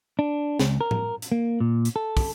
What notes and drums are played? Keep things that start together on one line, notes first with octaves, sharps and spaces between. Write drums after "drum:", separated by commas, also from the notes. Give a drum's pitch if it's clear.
D4
C#2, drum: snare
A#4
drum: tom A2
drum: hi-hat
A#3
A#2
drum: hi-hat
A4
drum: kick, open hi-hat